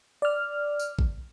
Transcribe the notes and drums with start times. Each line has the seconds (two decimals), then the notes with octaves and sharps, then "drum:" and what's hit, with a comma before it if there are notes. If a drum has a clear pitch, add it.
0.22 D5 F6
0.79 drum: tambourine
0.99 drum: kick A1